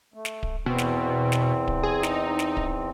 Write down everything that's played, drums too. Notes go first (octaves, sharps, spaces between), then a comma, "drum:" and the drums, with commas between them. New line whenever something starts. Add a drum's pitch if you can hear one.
A3
drum: snare
drum: kick D1
E2 B2 C4
drum: snare
drum: snare
drum: kick D1
G#4
D#4, drum: snare
drum: snare
drum: kick D1